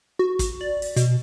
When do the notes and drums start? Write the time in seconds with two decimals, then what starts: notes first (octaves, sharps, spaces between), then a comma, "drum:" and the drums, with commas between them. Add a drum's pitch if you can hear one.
0.19 F#4
0.39 drum: kick, hi-hat
0.61 D5
0.82 drum: open hi-hat
0.96 B2, drum: hi-hat